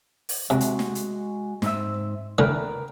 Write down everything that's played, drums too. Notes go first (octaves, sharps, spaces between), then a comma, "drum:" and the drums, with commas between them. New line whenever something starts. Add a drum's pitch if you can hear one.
drum: open hi-hat
C3 G#3 F#4
drum: hi-hat
drum: snare
drum: hi-hat
G#2 C4 E5, drum: snare
D3 E3 A3 A#4 B4 G5